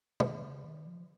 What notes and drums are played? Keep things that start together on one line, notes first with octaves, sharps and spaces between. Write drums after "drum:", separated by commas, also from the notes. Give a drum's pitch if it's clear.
D#3, drum: tom
C#3
D#3
F3